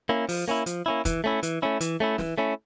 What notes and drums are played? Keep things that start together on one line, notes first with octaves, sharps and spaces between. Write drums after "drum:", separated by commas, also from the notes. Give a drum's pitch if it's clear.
A#3 C#4 E4
F3, drum: open hi-hat
A#3 C#4 E4
F3, drum: hi-hat
A#3 C#4 E4
E3, drum: kick, hi-hat
A3 C#4 E4
E3, drum: hi-hat
A3 C#4 E4
E3, drum: hi-hat
A3 C#4 E4
E3, drum: snare
A3 C#4 E4